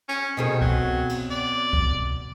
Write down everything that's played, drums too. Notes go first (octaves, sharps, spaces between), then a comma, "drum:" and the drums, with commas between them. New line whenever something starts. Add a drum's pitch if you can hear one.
C#4, drum: hi-hat
B2 D#3 C4 G#4
F#3, drum: kick C2
drum: cymbal
D5
drum: kick C2